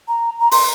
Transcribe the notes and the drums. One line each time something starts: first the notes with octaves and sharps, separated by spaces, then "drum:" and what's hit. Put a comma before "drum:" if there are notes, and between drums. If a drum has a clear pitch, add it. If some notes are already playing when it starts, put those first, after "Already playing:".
A#5
A#5
C6, drum: open hi-hat